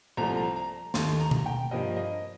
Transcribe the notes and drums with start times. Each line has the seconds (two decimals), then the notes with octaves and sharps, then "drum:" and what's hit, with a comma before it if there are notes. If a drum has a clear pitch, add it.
0.17 C2 A#2 F3 A3 A#5
0.36 A#5
0.56 A#5
0.94 D#2 D#3 A3 C6, drum: snare
1.20 A#5
1.31 drum: tom B2
1.46 G5
1.71 G2 F3 A#3 D#5
1.97 D#5